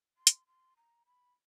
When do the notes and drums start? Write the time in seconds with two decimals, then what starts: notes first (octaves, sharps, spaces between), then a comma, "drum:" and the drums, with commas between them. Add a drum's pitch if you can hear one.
0.18 C6
0.27 drum: hi-hat
0.47 C6
0.77 A#5
1.06 B5